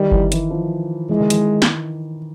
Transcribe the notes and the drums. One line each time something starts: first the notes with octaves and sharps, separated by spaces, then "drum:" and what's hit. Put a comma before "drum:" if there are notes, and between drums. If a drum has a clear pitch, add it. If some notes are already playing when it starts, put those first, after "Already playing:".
Already playing: D#3 G3
E3, drum: kick G1
E3, drum: hi-hat
F3
E3 G#3
D#3
E3, drum: hi-hat
drum: snare